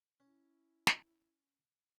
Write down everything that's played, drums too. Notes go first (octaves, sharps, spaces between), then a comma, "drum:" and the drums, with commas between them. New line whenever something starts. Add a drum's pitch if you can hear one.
C#4 E4
drum: snare